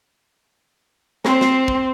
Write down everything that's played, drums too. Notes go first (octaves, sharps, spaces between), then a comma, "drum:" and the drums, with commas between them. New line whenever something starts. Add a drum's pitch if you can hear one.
C4 C5, drum: snare
drum: snare
drum: kick